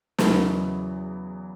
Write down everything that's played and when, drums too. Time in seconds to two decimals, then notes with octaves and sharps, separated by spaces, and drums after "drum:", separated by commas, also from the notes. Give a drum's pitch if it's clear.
0.18 E2 C#3 F#3 B3 E4, drum: snare